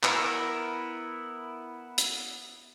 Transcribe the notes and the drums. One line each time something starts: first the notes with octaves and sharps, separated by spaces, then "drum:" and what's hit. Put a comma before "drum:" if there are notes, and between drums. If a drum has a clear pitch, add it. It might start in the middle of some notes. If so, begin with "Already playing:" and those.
B3 E4 A#4, drum: clap
drum: hi-hat